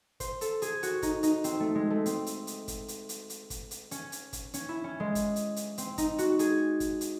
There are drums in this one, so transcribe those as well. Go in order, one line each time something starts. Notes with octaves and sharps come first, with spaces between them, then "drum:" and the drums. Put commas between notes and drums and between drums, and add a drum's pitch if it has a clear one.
C5, drum: kick, hi-hat
A4, drum: hi-hat
G#4, drum: hi-hat
F#4, drum: hi-hat
D#4, drum: kick, hi-hat
D#4, drum: hi-hat
C4, drum: hi-hat
A3
G#3
A3
C4, drum: hi-hat
drum: hi-hat
drum: hi-hat
drum: kick, hi-hat
drum: hi-hat
drum: hi-hat
drum: hi-hat
drum: kick, hi-hat
drum: hi-hat
C#4, drum: hi-hat
drum: hi-hat
drum: kick, hi-hat
C#4, drum: hi-hat
E4
C#4
G#3
drum: kick, hi-hat
drum: hi-hat
drum: hi-hat
C4, drum: hi-hat
D#4, drum: kick, hi-hat
F#4, drum: hi-hat
G#4, drum: hi-hat
drum: kick, hi-hat
drum: hi-hat